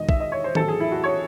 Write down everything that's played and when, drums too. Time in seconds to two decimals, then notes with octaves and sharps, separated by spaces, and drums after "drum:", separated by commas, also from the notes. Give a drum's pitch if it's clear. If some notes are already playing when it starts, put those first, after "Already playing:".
Already playing: E1 E2 D#3 G#3 D#5
0.09 E5, drum: kick
0.20 D#5
0.32 C#5
0.44 C5
0.55 A1 A2 F#3 A4, drum: tom D#3
0.68 G#4
0.80 E4
0.92 F#4
1.04 C#5